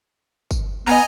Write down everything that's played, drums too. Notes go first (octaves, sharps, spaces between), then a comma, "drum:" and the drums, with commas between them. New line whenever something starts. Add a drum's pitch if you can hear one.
drum: kick, tambourine
B3 D#5 G#5 A#5, drum: clap